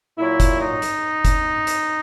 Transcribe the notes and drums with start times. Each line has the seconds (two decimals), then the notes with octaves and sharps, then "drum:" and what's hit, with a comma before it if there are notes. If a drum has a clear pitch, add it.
0.18 A#2 F#3 E4
0.40 drum: kick F#1, hi-hat
0.61 D#4
0.82 drum: hi-hat
1.25 drum: kick F#1, hi-hat
1.67 drum: hi-hat